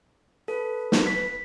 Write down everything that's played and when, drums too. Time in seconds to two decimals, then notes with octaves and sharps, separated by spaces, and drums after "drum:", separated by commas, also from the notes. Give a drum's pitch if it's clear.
0.48 A4 B4
0.92 drum: snare
1.07 B6